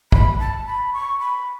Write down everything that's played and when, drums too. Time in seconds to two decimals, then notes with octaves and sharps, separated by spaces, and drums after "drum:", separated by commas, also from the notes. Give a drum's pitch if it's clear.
0.12 B5, drum: kick
0.39 A5
0.66 B5
0.93 C#6
1.19 B5